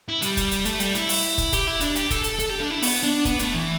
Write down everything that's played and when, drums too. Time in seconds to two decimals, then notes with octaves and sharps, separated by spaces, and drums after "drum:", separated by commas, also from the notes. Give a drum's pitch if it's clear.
0.09 E4
0.22 G3, drum: hi-hat
0.37 drum: kick, hi-hat
0.51 drum: hi-hat
0.65 A3, drum: hi-hat
0.80 G3, drum: hi-hat
0.95 E4, drum: hi-hat
1.09 drum: open hi-hat
1.38 drum: kick, hi-hat
1.52 G4, drum: kick, hi-hat
1.67 E4
1.80 D4, drum: hi-hat
1.95 G4, drum: hi-hat
2.10 A4, drum: kick, hi-hat
2.24 A4, drum: hi-hat
2.39 A4, drum: hi-hat
2.50 G4
2.60 D4
2.71 E4
2.82 B3, drum: open hi-hat
3.03 D4
3.25 B3, drum: kick, hi-hat
3.39 A3, drum: hi-hat
3.54 E3